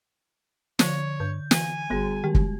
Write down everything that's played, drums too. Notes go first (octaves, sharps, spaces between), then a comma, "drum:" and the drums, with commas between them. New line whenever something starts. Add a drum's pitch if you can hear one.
D3 F3 C#5, drum: snare
G2 G6
E3 G#5, drum: snare
G1 G3 B3 F#4 G#4
D#3 G#3 G4
drum: kick